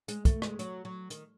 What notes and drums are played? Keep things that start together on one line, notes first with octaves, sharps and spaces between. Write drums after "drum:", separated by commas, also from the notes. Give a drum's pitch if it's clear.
G#3, drum: hi-hat
A3, drum: kick, hi-hat
G#3, drum: rim click
F#3, drum: hi-hat
F#3
D#3, drum: hi-hat